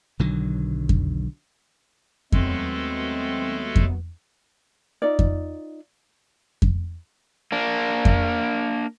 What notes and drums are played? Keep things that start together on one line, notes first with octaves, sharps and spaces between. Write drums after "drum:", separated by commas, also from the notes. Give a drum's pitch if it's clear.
B1 D3 D#3 F#3
drum: kick F2
D#2 F#3 G#3 A3 B3 C4 A4, drum: kick F2
drum: kick F2
D#4 F4 D5
drum: kick F2
drum: kick F2
A#3 D4
drum: kick F2